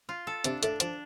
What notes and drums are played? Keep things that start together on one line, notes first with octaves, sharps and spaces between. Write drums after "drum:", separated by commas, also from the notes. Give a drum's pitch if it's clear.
F4
A4
C3 C4 D4, drum: hi-hat
A2 A3 D4, drum: hi-hat
F3 D4, drum: hi-hat